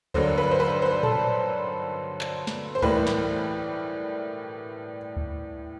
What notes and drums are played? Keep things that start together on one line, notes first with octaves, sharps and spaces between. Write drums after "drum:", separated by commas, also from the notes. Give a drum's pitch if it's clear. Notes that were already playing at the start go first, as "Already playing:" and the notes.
G2 D3 F#3 A#3 C5, drum: kick C#2
B4
C5
B4
C5
A4, drum: tom A2
drum: clap
drum: snare
C5
A2 E3 G3 A#3 B4, drum: kick C#2
drum: snare
drum: kick C#2